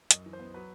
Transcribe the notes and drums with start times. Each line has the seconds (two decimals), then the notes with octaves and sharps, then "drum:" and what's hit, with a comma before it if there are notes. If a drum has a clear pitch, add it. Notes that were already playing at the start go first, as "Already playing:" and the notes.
0.11 F#2 D#5, drum: hi-hat
0.26 E3
0.33 C5
0.40 B3
0.54 F#3 B4